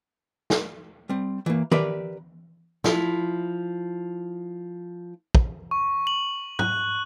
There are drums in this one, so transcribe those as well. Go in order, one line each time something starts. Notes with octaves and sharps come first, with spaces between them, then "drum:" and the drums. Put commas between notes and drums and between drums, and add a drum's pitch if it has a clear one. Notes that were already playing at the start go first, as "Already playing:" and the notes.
drum: snare
G3 C4
E3 A#3
G4 A#4 B4 D5 E5, drum: tom D#3
F3 E4, drum: snare
drum: kick
C#6
F#7
F#6, drum: tom